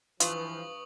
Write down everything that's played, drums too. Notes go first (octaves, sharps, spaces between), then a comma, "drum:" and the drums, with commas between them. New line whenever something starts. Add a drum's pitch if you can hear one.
G2 E3 F3 F4 B4 C#6 D#6 F#7, drum: hi-hat